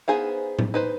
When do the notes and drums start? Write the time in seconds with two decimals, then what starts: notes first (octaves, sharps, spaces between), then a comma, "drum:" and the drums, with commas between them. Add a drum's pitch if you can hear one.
0.08 B3 D#4 G#4 C5 F5
0.59 drum: tom A2
0.74 D#4 B4 C5